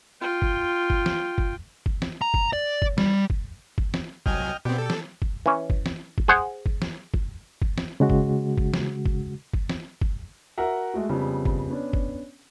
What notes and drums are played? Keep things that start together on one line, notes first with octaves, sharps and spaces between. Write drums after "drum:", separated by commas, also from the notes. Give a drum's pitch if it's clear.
F4 G5
drum: kick
drum: kick
drum: snare
drum: kick
drum: kick
drum: snare
A#5
drum: kick
D5
drum: kick
G3, drum: snare
drum: kick
drum: kick
drum: snare
C2 F#3 D#5 G5 G#5 F6, drum: kick
B2 B3 C4 G4 D5
A4
drum: snare
drum: kick
E3 C#4
drum: kick
drum: snare
drum: kick
G#4 C5 F#5
drum: kick
drum: snare
drum: kick
drum: kick
drum: snare
C#3 G#3 F#4
drum: kick
drum: kick
drum: snare
drum: kick
drum: kick
drum: snare
drum: kick
F#4 A#4 E5 F#5
G#3 A3 F#4
F2 C#3 G3 B3
drum: kick
B3 C#4 D4
drum: kick